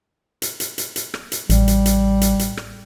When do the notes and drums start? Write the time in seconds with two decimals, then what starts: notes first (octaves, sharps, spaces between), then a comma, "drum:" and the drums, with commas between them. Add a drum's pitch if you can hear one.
0.42 drum: hi-hat
0.60 drum: hi-hat
0.78 drum: hi-hat
0.96 drum: hi-hat
1.14 drum: rim click
1.32 drum: hi-hat
1.50 A1 G3, drum: hi-hat
1.68 drum: hi-hat
1.86 drum: hi-hat
2.21 drum: hi-hat
2.39 drum: hi-hat
2.57 drum: rim click